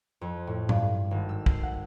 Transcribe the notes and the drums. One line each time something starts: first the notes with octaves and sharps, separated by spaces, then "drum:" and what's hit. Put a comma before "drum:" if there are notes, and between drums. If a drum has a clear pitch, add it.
F2
A2
G2, drum: tom
G#1
E6
C7, drum: kick
F#5